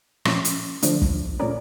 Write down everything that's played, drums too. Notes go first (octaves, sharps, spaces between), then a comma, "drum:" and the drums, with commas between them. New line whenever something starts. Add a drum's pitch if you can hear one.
A#2 F3 A3 C#4, drum: rim click
drum: hi-hat
D3 F3 A3 D4, drum: hi-hat
drum: kick
A#2 A3 C#4 A#4 D5